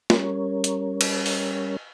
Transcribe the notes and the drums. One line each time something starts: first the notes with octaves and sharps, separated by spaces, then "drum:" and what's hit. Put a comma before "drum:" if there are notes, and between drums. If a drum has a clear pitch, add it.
G3 C#4 A#4 C#5, drum: snare
drum: hi-hat
drum: cymbal
drum: open hi-hat